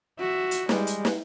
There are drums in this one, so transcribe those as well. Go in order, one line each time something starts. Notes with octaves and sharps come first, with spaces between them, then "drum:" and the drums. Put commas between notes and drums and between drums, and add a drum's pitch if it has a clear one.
F#4 E5
drum: hi-hat
G3 G#3, drum: snare
drum: hi-hat
drum: snare